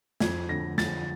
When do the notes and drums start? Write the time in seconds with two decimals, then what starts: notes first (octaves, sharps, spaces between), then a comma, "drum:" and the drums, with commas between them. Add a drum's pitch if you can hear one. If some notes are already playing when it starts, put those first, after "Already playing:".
0.20 F2 G#6, drum: snare
0.49 D3 A#6
0.78 F3 A6, drum: snare